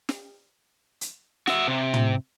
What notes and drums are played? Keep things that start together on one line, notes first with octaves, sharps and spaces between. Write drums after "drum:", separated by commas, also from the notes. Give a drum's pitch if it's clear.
drum: snare
drum: hi-hat
F#4 E5, drum: snare
C3
drum: tom